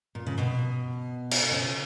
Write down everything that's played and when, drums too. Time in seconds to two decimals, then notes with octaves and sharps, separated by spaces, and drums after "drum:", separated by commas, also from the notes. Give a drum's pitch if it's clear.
0.15 A#2
0.26 C#3
0.38 B2
1.31 drum: cymbal
1.51 C#3